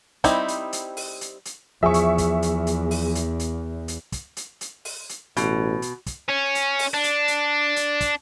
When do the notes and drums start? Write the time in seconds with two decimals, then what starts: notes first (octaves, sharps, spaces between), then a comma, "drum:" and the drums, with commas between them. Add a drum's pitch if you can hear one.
0.24 G3 C4 D#4 E4, drum: kick, hi-hat
0.48 drum: hi-hat
0.73 drum: hi-hat
0.97 drum: open hi-hat
1.21 drum: hi-hat
1.45 drum: hi-hat
1.83 E2 F3 G#4 E5 C#6
1.94 drum: hi-hat
2.18 drum: kick, hi-hat
2.42 drum: hi-hat
2.67 drum: hi-hat
2.91 drum: open hi-hat
3.15 drum: hi-hat
3.40 drum: hi-hat
3.88 drum: hi-hat
4.12 drum: kick, hi-hat
4.37 drum: hi-hat
4.61 drum: hi-hat
4.85 drum: open hi-hat
5.09 drum: hi-hat
5.37 A1 B2, drum: hi-hat
5.82 drum: hi-hat
6.06 drum: kick, hi-hat
6.29 C#4
6.55 drum: hi-hat
6.79 drum: open hi-hat
6.94 D4
7.03 drum: hi-hat
7.28 drum: hi-hat
7.76 drum: hi-hat
8.01 drum: kick, hi-hat